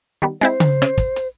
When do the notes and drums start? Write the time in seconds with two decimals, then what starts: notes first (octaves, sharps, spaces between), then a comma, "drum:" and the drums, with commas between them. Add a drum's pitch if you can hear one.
0.22 D#3 G3 B3
0.41 G#3 C4 E4 C5, drum: hi-hat
0.60 drum: tom C#3
0.82 C#3, drum: rim click
0.98 drum: kick, hi-hat
1.16 drum: hi-hat